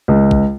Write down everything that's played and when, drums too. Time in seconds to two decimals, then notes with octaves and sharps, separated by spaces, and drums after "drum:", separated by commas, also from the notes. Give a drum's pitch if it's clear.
0.08 C#2
0.31 drum: kick